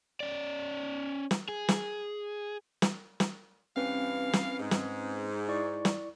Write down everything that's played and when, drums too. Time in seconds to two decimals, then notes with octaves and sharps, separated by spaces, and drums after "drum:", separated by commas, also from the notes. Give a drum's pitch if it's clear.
0.20 C#4 D5
1.31 drum: snare
1.48 G#4
1.69 drum: snare
2.82 drum: snare
3.20 drum: snare
3.77 G2 E3 C4 C#4 B4 F5
4.33 drum: snare
4.60 G#2
4.71 drum: snare
5.48 E4 D5 C#6
5.85 drum: snare